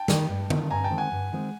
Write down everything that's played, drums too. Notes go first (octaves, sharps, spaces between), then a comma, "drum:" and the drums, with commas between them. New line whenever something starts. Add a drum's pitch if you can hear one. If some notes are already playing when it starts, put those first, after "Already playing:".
Already playing: G5 A5
D#3 G3, drum: snare
G2
D#3 G3, drum: tom D3
G2 G#5 A#5
G5 A5
D#3 G#3 C4
F#5 G#5
G2
D#3 G#3 C4